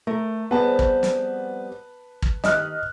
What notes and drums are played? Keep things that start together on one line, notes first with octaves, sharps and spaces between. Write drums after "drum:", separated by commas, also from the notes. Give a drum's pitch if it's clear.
A3 A#4
F3 G3 B3 C4 G#4 B4 A5
drum: kick
drum: snare
drum: kick
D#3 G4 D#5 F6 F#6, drum: snare